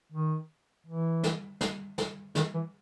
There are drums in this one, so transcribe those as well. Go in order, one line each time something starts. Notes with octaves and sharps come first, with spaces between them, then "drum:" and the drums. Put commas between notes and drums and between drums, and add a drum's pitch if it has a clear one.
D#3
E3
drum: snare
drum: snare
drum: snare
D#3, drum: snare
E3